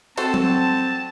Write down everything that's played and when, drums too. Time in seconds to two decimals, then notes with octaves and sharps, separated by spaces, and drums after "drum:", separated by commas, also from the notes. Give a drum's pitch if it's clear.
0.18 C4 F#4 A4 C5 A5, drum: cymbal
0.34 drum: tom F#3